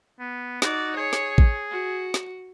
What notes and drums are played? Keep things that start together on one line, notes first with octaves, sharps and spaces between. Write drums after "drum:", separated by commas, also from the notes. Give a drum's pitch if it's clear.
B3
D#4 F#4 D5, drum: snare
G#4 C#5
drum: snare
drum: kick A1
F#4
drum: snare